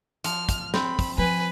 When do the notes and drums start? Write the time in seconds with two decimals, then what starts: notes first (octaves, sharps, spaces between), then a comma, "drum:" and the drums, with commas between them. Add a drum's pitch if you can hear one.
0.24 F3 F6, drum: hi-hat
0.49 drum: kick, hi-hat
0.74 C4 B5, drum: snare
0.99 drum: kick, open hi-hat
1.18 F3 B4 G#5